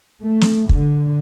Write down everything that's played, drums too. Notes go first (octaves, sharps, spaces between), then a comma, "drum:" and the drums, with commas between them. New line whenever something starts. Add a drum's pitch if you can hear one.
A3
drum: snare
D3, drum: kick